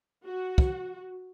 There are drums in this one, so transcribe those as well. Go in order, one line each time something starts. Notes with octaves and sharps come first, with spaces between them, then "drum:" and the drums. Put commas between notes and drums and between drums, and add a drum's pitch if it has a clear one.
F#4
drum: kick